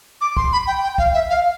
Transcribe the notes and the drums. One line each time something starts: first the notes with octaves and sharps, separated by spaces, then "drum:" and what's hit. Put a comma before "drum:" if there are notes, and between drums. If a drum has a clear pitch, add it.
D6
C6, drum: kick
B5
G5
G5
F5, drum: kick
E5
F5